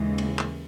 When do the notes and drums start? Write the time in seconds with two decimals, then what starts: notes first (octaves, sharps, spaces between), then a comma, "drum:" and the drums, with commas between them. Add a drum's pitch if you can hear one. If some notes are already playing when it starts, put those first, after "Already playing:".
Already playing: D#2 C#3 E3 G#3
0.18 drum: cymbal
0.39 drum: clap